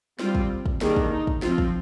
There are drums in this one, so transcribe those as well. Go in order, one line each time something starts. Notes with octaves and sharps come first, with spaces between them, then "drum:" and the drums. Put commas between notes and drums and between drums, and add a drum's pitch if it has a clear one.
G3 C4 F4, drum: snare
drum: kick
drum: kick
D#3 G3 A#3 D4 G#4, drum: snare
drum: kick
D#4
drum: kick
F3 C4 F4, drum: snare
drum: kick